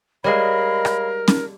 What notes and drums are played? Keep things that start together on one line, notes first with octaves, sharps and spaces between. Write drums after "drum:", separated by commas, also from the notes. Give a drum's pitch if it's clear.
G3 G#3 A#4 C#5 D#5 F5 B5
drum: rim click
drum: snare C#4